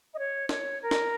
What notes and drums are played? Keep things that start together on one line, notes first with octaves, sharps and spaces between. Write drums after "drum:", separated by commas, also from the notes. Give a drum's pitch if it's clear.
D#5
C#5
C#5, drum: snare
A#4
drum: snare